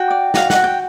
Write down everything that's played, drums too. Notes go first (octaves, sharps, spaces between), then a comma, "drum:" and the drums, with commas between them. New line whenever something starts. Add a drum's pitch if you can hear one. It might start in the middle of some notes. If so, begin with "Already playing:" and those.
Already playing: F#4 G5
D5
F#4 F5, drum: snare
F#5, drum: snare
F#4
G5